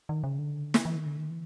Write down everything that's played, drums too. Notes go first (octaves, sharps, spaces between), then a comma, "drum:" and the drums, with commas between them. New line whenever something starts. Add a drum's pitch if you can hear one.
D#3
C#3
D3
drum: snare
E3
D#3
D3
D#3
E3